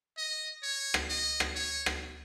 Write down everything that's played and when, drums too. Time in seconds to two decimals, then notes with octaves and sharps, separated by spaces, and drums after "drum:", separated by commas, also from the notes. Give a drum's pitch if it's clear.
0.18 D#5
0.63 C#5
0.94 drum: rim click
1.09 D#5
1.40 drum: rim click
1.55 C#5
1.86 drum: rim click